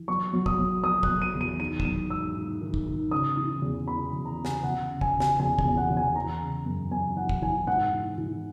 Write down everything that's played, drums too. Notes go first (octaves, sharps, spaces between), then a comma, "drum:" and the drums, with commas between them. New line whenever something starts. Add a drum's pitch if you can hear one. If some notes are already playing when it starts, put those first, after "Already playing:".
Already playing: E3
F#3 C#6
F#3
D#6, drum: kick
F#3
F#3 D#6
F#6, drum: kick
F#3
D#7
E2
D#7
D#3 D#7
E7, drum: kick
F#3 D#7
G#2 E6
G#2
D#3
drum: kick
D#3
C#3 D#6
E3
E2
E3 B5
E2
A#5
C#3
G#5, drum: snare
E2 F#5
C#3
G#5, drum: kick
C#3
G#5, drum: snare
E2 G#5
G#5, drum: kick
E2
F#5
E2
G#5
E3 A#5
C#3
F#2
F#2 G#5
E3 F#5
drum: kick
E3 G#5
G#2 F#5
E3
E3